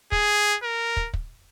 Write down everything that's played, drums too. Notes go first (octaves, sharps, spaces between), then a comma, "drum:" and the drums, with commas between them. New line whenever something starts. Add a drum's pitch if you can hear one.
G#4, drum: kick
A#4
drum: kick
drum: kick